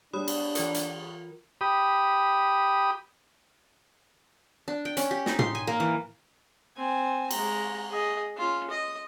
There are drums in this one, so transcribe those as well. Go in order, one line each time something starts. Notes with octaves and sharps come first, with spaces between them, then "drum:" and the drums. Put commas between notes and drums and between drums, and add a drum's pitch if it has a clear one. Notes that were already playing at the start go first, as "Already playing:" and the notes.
G3 D4 C#5 B5 D#6
drum: cymbal
E3 F4 A#4, drum: hi-hat
drum: hi-hat
G4 B5 D#6
D4
G5
C#4, drum: hi-hat
G4
D#4, drum: snare
C6, drum: tom
G#5
A#3
E3
C4 G#5
G#3 A#5, drum: cymbal
G#4 D#5
C#4 F4
D#5